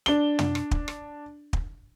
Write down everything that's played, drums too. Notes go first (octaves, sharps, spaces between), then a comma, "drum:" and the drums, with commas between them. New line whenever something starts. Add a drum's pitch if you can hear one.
D4 G7, drum: rim click
drum: tom
drum: rim click
drum: kick
drum: rim click
drum: kick